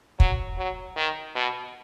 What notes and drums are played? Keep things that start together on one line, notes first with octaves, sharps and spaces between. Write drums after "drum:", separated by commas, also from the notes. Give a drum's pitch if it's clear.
F#3, drum: kick
F#3
D#3
B2